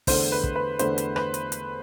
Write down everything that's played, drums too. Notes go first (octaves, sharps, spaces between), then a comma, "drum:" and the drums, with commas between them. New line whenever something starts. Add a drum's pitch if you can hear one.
E2 D3 A3 C5, drum: kick, open hi-hat
B4
drum: kick
B4
E2 D3 A3 C5, drum: hi-hat
drum: hi-hat
B4, drum: rim click
drum: hi-hat
drum: hi-hat